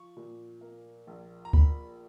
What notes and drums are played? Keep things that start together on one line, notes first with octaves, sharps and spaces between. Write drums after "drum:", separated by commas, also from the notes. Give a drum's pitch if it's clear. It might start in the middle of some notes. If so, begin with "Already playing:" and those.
Already playing: F3 C#6
A#2
A#3
A#1
A#5
A#3 B5, drum: kick D2